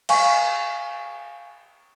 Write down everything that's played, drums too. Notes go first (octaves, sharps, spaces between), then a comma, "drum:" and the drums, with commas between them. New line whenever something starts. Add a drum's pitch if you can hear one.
F5 G#5 C#6, drum: cymbal